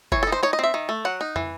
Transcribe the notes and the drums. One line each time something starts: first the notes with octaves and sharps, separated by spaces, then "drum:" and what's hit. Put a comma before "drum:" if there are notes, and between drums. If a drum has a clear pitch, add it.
E3 C#5, drum: kick F#1
D#4 A4
C5
D#4 C#5
D#5
C4 E5
D#3
A3
F#3 F#5
D#4
E3, drum: tom